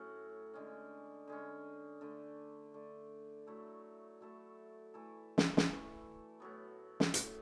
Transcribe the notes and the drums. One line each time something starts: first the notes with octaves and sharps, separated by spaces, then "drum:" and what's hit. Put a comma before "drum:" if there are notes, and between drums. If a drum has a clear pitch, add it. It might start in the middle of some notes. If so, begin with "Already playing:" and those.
Already playing: A2 F#3 C#4
D3 G#3 C#4
D3 G#3 C#4
D3 A3 D4
D3 A3 D4
F#3 A3 E4 A4
F#3 A3 E4 A4
E3 A3 E4 A4
drum: snare
drum: snare
E3 A3 E4 A4
A2 F#3 B3
drum: snare
A2 F#3 B3, drum: hi-hat